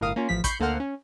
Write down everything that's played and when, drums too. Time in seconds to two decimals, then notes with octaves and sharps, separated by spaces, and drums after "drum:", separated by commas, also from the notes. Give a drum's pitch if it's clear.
0.01 G1 A2 A#4 F5 D#6
0.16 A#3 C#4 F4
0.29 A1 F3 B6
0.44 B5 C#6 G6 C7, drum: kick A1, hi-hat
0.60 D2 A#3 A4 C5 F#5 F6
0.80 C#4